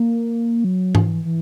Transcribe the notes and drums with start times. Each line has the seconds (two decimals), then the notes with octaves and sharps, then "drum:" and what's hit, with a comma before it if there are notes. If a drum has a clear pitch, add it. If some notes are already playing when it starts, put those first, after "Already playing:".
Already playing: A#3
0.64 F#3
0.95 E3, drum: tom G#2
1.25 E3